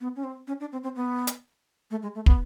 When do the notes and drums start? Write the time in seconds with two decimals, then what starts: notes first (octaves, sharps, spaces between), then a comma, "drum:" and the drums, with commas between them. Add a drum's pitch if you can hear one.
0.01 B3
0.16 C#4
0.24 C4
0.47 C#4
0.60 D4
0.72 C4
0.83 C4
0.96 B3
1.27 drum: hi-hat
1.91 A3
2.03 G#3
2.15 A3
2.26 B3, drum: kick